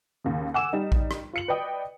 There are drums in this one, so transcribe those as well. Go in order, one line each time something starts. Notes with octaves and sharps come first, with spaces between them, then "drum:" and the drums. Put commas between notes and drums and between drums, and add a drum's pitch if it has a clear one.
D#2 C#3
F#5 G#5 D6 E6 E7
G3 D#4
drum: kick A#1
drum: rim click
F4 C#7 F#7
B4 D5 D#5 G5 D#6